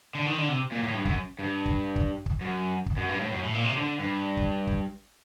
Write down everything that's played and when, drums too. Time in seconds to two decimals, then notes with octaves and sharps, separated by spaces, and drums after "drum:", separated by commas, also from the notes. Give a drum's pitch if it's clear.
0.15 D3
0.26 D#3
0.38 D3
0.49 C3
0.72 A#2
0.83 A2
0.94 G2
1.05 F#2, drum: kick
1.39 G2
1.66 drum: kick
1.96 drum: kick
2.26 drum: kick
2.41 F#2
2.86 drum: kick
2.98 F#2
3.09 G2
3.21 A2
3.32 F#2
3.43 A2
3.55 A#2
3.65 C3
3.77 D3
4.00 G2
4.37 drum: kick
4.67 drum: kick